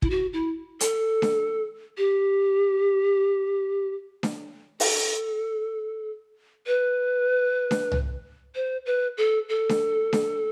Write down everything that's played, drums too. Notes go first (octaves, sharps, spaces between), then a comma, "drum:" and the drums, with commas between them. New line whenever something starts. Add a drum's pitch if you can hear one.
E4, drum: kick
F#4
E4
A4, drum: hi-hat
drum: snare D4
G4
drum: snare D4
A4, drum: open hi-hat
B4
drum: snare D4
drum: tom C2
C5
B4
A4
A4
drum: snare D4
drum: snare D4